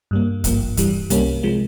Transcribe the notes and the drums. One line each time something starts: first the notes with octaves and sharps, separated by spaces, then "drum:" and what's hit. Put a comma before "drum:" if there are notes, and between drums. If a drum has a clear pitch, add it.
G2 G3 A#3
G#1 G2 F3 A#3, drum: kick, hi-hat
G2 E3 G3, drum: kick, hi-hat
C2 C3 G3 A#3 C#4, drum: hi-hat
C3 F3 G#3